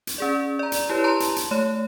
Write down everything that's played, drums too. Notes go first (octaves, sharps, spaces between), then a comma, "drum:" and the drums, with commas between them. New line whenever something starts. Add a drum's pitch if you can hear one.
drum: hi-hat
C#4 G#4 D5
D5 A#5
drum: hi-hat
E4 G4 B4 C#5
A5 A#5 C6
drum: hi-hat
drum: hi-hat
A3 C#5